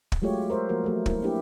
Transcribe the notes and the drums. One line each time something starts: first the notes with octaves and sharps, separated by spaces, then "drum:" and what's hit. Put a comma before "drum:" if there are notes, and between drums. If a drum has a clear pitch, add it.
drum: kick
F#3 G#3 A3 F4 G4 C#5
A#4 C5 E5
F3 A#3 F#4 A#4
F#3 A3
E4 A#4, drum: kick
A#3 D4 E4 G4 B4